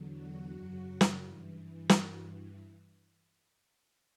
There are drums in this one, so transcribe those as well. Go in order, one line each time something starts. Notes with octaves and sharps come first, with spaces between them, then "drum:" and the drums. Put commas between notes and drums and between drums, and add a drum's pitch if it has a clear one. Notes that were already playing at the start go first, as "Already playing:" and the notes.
Already playing: E2 D3 F#3
F#4
F#2 C#3 F#3
drum: snare
G2 E3
G2 E3 F#4, drum: snare